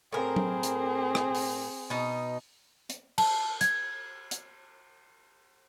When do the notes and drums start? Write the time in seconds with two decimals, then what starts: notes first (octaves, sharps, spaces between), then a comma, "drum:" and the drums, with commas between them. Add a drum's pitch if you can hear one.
0.12 A2 C4 G#4 A#4
0.36 drum: tom F#3
0.63 drum: hi-hat
1.15 drum: rim click
1.35 drum: open hi-hat
1.90 B2 D#4
2.90 drum: hi-hat
3.18 A5, drum: cymbal
3.61 G#6, drum: hi-hat
4.31 drum: hi-hat